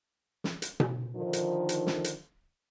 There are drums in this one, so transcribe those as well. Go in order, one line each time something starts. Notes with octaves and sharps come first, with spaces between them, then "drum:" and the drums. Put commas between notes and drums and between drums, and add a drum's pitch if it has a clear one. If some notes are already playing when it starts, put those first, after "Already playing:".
drum: snare
drum: hi-hat
drum: tom B2
D3 D#3 F3
drum: hi-hat
drum: hi-hat
drum: snare
drum: hi-hat